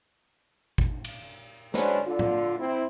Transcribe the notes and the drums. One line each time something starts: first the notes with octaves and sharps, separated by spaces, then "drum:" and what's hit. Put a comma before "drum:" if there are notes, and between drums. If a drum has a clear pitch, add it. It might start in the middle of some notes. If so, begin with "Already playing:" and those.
drum: kick
drum: cymbal
F#3 G#3 C#4 D4 B4 C5, drum: snare
D3 F4
drum: tom A2
C4 E4